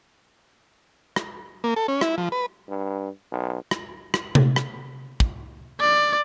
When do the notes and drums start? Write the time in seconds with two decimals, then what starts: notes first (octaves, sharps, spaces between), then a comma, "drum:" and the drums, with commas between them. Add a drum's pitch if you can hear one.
1.16 drum: rim click
1.64 A#3
1.76 A4
1.88 C#4
2.01 E4, drum: rim click
2.18 F3
2.32 B4
2.69 G2
3.31 B1
3.71 drum: rim click
4.14 drum: rim click
4.35 drum: tom C3
4.56 drum: rim click
5.20 drum: kick
5.80 D5